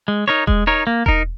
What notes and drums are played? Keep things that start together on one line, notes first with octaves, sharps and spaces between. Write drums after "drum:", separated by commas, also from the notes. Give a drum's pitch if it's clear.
G#3
D#4 A#4 C#5
G#3, drum: kick E1
D#4 A#4 C#5
A#3
D#4 A#4, drum: kick E1